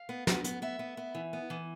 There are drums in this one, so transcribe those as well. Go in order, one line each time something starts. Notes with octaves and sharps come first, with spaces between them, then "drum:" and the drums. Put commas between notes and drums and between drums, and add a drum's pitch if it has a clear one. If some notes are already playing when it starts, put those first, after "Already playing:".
Already playing: F5
B3
B3, drum: snare
B3, drum: hi-hat
B3 E5
B3
B3
E3
B3
E3